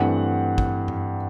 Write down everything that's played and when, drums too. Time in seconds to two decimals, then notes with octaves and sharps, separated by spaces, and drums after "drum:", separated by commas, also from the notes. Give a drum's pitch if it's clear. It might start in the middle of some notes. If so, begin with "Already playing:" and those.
Already playing: G2 E3 A3 C4 F#5
0.58 drum: kick
0.88 drum: tom F#2